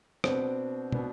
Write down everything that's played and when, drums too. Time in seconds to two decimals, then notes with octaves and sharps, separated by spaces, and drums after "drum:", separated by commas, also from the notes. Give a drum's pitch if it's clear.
0.24 B2 B3 C4 D4, drum: rim click
0.92 B2 B3 D4, drum: tom